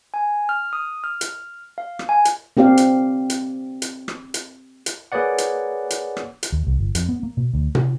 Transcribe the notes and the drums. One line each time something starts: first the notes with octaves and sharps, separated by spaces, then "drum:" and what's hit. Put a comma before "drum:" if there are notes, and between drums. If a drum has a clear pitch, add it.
G#5
F6
D#6
F6
drum: hi-hat
F5
drum: rim click
G#5
drum: hi-hat
A#3 C4 G4 D5 F5
drum: hi-hat
drum: hi-hat
drum: hi-hat
drum: rim click
drum: hi-hat
drum: hi-hat
A#3 G#4 B4 C#5 D5 F#5
drum: hi-hat
drum: hi-hat
drum: rim click
drum: hi-hat
D#2
C2
G1
F2, drum: hi-hat
B3
A#3
B2
D2
C3, drum: tom A#2